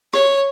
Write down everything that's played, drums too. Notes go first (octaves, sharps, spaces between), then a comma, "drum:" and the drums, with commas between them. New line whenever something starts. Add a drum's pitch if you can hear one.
C#5, drum: rim click